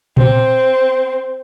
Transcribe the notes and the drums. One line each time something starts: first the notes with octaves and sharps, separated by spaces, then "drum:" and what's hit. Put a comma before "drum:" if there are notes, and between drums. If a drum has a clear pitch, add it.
C4, drum: tom A#2